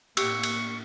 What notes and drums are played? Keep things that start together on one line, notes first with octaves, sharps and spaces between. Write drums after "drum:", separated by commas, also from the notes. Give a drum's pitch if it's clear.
A2 A#3 G4 C#6 E6, drum: cymbal
drum: cymbal